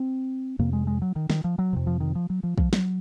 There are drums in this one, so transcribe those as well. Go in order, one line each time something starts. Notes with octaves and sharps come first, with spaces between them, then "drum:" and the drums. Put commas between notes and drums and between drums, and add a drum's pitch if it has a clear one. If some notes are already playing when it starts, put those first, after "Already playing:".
Already playing: C4
F2 C3 A#3
G#3
G#3
F#3
D#3
D#3, drum: snare
F3
F#3
F2 C3
F3
D#3
F3
F#3
F3
F3, drum: kick
F#3, drum: snare